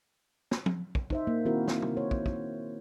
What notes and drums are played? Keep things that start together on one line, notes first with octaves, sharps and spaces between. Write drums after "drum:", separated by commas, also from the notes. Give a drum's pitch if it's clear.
drum: snare
drum: tom F3
drum: kick
D#4 C5 E5, drum: kick
A#3
D#3 C4 E4 F#4 A#4
drum: snare
drum: tom
C5 C#5
drum: kick
drum: kick